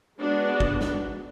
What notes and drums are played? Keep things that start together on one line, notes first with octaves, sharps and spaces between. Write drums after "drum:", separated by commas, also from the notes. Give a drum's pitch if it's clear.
G#3 B3 D4 F#4
drum: kick
drum: snare